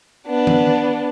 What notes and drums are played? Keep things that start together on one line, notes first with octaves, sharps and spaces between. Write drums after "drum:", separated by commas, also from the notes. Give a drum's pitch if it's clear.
B3 D4
drum: tom D#3